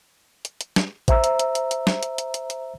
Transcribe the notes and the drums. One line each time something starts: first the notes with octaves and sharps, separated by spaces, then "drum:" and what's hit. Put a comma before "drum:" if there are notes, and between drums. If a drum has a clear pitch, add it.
drum: hi-hat
drum: hi-hat
drum: snare
C5 E5 A#5 E6, drum: kick A1, hi-hat
drum: hi-hat
drum: hi-hat
drum: hi-hat
drum: hi-hat
drum: snare
drum: hi-hat
drum: hi-hat
drum: hi-hat
drum: hi-hat